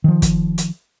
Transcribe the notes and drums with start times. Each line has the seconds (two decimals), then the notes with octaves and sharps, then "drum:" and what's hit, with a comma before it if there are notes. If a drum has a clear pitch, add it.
0.04 D#3 F3
0.22 drum: kick, hi-hat
0.58 drum: hi-hat